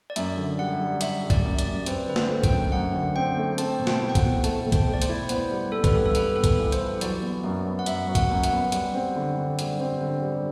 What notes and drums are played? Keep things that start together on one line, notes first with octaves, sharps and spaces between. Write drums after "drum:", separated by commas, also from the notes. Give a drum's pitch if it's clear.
D5
F#2 E5, drum: hi-hat
D3
G3 F#5
G3
G3 E5, drum: hi-hat
G3
D5, drum: kick C2, hi-hat
F#2
D5, drum: hi-hat
F#2
C4 B4, drum: hi-hat
D3 B4
C5, drum: snare
A3
G5, drum: kick C2, hi-hat
F#2
F#2 F#5
D3
C4 G5
A3
C4 A5, drum: hi-hat
B2
G5, drum: snare
E4
G5
F#5, drum: kick C2, hi-hat
B2
A3 A5, drum: hi-hat
A3
G5, drum: kick C2, hi-hat
A3
D5
C5, drum: hi-hat
E4
B3 C5, drum: hi-hat
G3
B3 A4
B4, drum: kick C2, hi-hat
G2 A4
A4
B3 B4, drum: hi-hat
B3 A4
B4, drum: kick C2, hi-hat
E3
C5, drum: hi-hat
E3
F#3 D5, drum: hi-hat
B3
F#2
B3
F#5
F#2 E5, drum: hi-hat
F#3
F#5, drum: kick C2, hi-hat
F#2
F#5, drum: hi-hat
B3
G3, drum: hi-hat
C4
D3
D3
G3, drum: hi-hat
C4
D3
G3